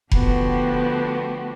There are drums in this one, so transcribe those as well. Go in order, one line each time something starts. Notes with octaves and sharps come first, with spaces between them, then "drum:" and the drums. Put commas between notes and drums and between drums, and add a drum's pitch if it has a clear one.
D3 F3 A3 B3 F#4 G4, drum: kick F1